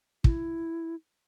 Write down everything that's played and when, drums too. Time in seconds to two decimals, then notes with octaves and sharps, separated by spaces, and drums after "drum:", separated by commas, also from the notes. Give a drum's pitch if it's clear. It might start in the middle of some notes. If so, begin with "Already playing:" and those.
0.24 E4, drum: kick